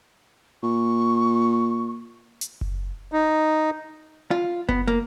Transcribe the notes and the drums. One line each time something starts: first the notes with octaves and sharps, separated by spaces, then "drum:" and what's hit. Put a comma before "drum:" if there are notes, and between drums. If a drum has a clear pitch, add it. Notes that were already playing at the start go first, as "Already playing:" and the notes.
A#2 C#6
drum: hi-hat
drum: kick F#1
D#4
F4
B3, drum: kick F#1
A#3